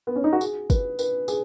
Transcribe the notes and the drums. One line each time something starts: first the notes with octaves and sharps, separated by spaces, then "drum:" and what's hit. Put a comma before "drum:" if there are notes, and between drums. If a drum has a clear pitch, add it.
B3
C#4
D#4
F#4
G#4, drum: tambourine
B4, drum: kick, tambourine
B4, drum: tambourine
G#4, drum: tambourine